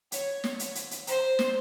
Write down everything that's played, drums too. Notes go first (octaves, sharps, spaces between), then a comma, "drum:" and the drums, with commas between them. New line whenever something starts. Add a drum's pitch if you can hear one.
C#5, drum: hi-hat
drum: snare
drum: hi-hat
drum: hi-hat
drum: hi-hat
C5, drum: hi-hat
drum: snare